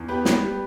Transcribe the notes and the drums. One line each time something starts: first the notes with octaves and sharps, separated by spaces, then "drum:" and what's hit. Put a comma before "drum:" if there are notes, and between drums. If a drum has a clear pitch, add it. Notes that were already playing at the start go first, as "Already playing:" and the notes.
Already playing: E2
B3 G4 B4
B3, drum: snare
G3